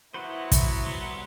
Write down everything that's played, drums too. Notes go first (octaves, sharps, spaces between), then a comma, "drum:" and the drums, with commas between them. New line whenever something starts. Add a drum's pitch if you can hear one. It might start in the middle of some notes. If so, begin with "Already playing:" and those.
F#3 B3 E4 F#4 B4 C5
drum: kick, hi-hat
C2 C6